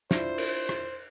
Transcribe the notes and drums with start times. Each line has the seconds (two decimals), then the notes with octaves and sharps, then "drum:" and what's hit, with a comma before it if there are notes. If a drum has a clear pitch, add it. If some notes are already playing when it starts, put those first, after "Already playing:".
0.11 D4 E4 F4 C5, drum: snare
0.38 drum: cymbal
0.69 drum: rim click